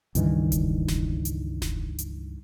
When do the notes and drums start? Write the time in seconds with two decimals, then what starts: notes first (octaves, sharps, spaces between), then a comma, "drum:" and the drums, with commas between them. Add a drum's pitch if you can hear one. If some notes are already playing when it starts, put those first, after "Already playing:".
0.15 C#2 G2 D#3 E3, drum: hi-hat
0.52 drum: kick E1, hi-hat
0.88 drum: snare E1
1.25 drum: hi-hat
1.62 drum: snare E1
1.98 drum: hi-hat